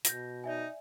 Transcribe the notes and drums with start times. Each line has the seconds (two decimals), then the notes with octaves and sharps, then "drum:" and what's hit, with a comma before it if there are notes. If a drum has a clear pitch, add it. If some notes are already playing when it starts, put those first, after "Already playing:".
0.05 B2 G6 A#6, drum: hi-hat
0.44 D#4 D5 E5 G#5